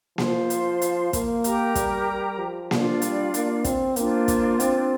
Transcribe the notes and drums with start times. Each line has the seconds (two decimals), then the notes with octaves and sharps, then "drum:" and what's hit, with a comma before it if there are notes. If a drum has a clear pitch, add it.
0.18 F3 F4 C5 F5 C6, drum: snare A#3
0.50 drum: hi-hat
0.82 drum: hi-hat
1.13 A#3, drum: kick, hi-hat
1.44 G4 A#4 G5 A#5, drum: hi-hat
1.75 G3, drum: kick, hi-hat
2.38 F3
2.71 D4 F4 D5 F5, drum: snare A#3
3.02 G3, drum: hi-hat
3.34 A#3, drum: hi-hat
3.64 C4, drum: kick, hi-hat
3.96 A#3 D4 F4 C5, drum: hi-hat
4.28 drum: kick, hi-hat
4.60 C4, drum: hi-hat